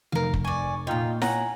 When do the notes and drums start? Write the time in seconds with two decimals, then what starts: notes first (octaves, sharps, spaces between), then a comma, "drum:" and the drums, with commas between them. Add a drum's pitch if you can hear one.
0.12 F1 A#4 F5
0.34 drum: kick
0.45 D5 G#5 C#6
0.87 A#2 D#4 F4 G5
1.22 C#5 F#5 G#5 A#5, drum: snare E4